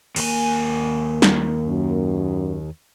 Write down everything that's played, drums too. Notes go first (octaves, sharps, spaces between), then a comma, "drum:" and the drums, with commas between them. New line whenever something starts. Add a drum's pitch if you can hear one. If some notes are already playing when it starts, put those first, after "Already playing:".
D#2 A#3 G#5, drum: cymbal
drum: snare
F#2